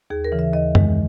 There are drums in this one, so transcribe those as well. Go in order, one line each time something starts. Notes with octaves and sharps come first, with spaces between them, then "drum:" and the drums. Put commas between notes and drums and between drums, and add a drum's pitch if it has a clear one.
D#2 G#4
A#4
C#3 E3
E5
D#2 D#5
D#3 G#3, drum: tom F#2